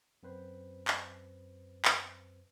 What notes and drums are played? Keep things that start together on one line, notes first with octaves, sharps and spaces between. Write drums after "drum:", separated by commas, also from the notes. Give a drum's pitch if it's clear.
F#2 C4 B4 C5
drum: clap
drum: clap